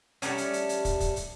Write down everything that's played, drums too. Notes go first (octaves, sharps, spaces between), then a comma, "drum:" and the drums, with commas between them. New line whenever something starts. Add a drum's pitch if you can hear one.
G3 A3 A#3 C#4, drum: hi-hat
drum: hi-hat
drum: hi-hat
drum: hi-hat
drum: kick, hi-hat
drum: kick, hi-hat
drum: hi-hat